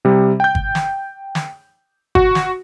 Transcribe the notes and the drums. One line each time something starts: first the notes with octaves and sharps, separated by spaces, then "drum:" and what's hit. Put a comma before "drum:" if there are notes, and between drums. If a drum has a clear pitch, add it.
C3 G3
G5 G6
drum: kick G1
drum: snare
drum: snare
F#4, drum: kick G1
drum: snare